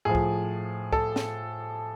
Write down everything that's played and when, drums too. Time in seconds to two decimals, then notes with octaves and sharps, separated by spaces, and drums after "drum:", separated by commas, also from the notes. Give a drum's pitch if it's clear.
0.05 A2 F3 G#4
0.15 drum: kick
0.93 A4, drum: kick
1.16 drum: snare